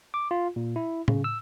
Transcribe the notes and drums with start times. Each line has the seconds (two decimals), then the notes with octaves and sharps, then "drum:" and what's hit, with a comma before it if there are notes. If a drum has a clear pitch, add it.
0.14 D6
0.31 F4
0.56 A#2
0.76 E4
1.08 C#3, drum: tom A2
1.24 E6